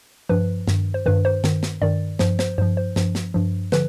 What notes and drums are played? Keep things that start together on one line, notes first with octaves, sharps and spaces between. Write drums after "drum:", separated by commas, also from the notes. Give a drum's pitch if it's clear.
G2 F3 B4
G2 D#3, drum: snare
C5
G2 D#3 B4
C5
G2 D#3, drum: snare
drum: snare
G2 D#3 D5
G2 F3 C5, drum: snare
C5, drum: snare
G2 F3 C5
C5
G2 F3, drum: snare
drum: snare
G2 F3
D3 F3 B4, drum: snare